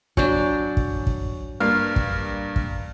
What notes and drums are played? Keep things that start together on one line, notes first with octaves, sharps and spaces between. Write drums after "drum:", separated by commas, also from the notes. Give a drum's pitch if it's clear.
F#3 D4 G#5 C#6 G6, drum: kick
drum: kick
drum: kick
G2 A#3 B4 F5
drum: kick
drum: kick